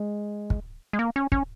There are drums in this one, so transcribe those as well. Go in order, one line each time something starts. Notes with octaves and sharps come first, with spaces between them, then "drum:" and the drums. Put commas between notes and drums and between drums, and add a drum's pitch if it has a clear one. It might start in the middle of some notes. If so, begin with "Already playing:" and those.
Already playing: G#3
drum: kick
G#3
A#3
C#4
C#4, drum: kick